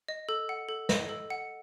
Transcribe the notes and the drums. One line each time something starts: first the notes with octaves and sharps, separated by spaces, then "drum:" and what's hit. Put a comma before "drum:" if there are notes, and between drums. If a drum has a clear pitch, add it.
D#5
A4
F#5
A4
D#5, drum: snare
A4
F#5